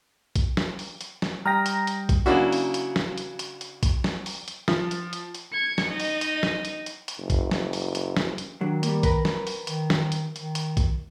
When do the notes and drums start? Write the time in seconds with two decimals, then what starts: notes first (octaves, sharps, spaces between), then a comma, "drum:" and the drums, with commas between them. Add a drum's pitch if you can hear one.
0.36 drum: kick, hi-hat
0.57 drum: snare
0.79 drum: open hi-hat
1.01 drum: hi-hat
1.22 drum: snare
1.45 G3 G5 A#5 D#6 F6 A#6
1.66 drum: hi-hat
1.87 drum: hi-hat
2.09 drum: kick, hi-hat
2.26 C#3 F#3 A#3 D4 E4 F#4
2.52 drum: open hi-hat
2.74 drum: hi-hat
2.96 drum: snare
3.18 drum: hi-hat
3.39 drum: hi-hat
3.61 drum: hi-hat
3.83 drum: kick, hi-hat
4.04 drum: snare
4.26 drum: open hi-hat
4.48 drum: hi-hat
4.68 F3, drum: snare
4.91 drum: hi-hat
5.13 drum: hi-hat
5.35 drum: hi-hat
5.52 G#6 C#7
5.78 drum: snare
5.88 D#4 D#5
6.00 drum: open hi-hat
6.21 drum: hi-hat
6.43 drum: snare
6.65 drum: hi-hat
6.86 drum: hi-hat
7.08 drum: hi-hat
7.19 F#1
7.30 drum: kick, hi-hat
7.51 drum: snare
7.73 drum: open hi-hat
7.95 drum: hi-hat
8.17 drum: snare
8.38 drum: hi-hat
8.61 D#3 F#3 D4
8.83 G3 A#3, drum: hi-hat
9.03 A#4 B4, drum: kick, hi-hat
9.25 drum: snare
9.47 drum: open hi-hat
9.67 D#3, drum: hi-hat
9.90 drum: snare
10.12 drum: hi-hat
10.36 D#3, drum: hi-hat
10.55 drum: hi-hat
10.77 drum: kick, hi-hat